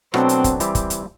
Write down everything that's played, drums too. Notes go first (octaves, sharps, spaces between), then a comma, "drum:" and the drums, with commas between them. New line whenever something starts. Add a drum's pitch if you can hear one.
B2 F#3 A3 C4 D4 F#4, drum: rim click
drum: hi-hat
drum: kick, hi-hat
E3 G3 C4 G4, drum: hi-hat
drum: kick, hi-hat
drum: hi-hat